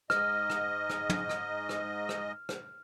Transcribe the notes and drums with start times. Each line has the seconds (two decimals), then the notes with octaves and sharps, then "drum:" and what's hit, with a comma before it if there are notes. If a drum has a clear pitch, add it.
0.10 G#2 D#5 F6, drum: rim click
0.50 drum: rim click
0.90 drum: rim click
1.10 drum: tom
1.29 drum: rim click
1.69 drum: rim click
2.09 drum: rim click
2.49 drum: rim click